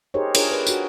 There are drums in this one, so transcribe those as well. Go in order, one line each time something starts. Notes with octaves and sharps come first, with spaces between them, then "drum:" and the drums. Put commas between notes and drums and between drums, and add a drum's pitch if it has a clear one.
D#4 G4 G#4 A#4 C5 C#5
D4 F4 G#4 A#4 C#5, drum: cymbal
B4
F#4 G#4, drum: tambourine